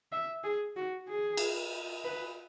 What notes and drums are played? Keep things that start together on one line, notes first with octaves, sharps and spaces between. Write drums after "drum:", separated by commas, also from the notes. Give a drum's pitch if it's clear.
E5
G#4
F#4
G#4
drum: cymbal
B4